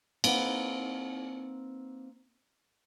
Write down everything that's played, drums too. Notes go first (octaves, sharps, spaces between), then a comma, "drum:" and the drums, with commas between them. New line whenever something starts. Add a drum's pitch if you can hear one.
A#3 C4 D#4 B4 F#5, drum: cymbal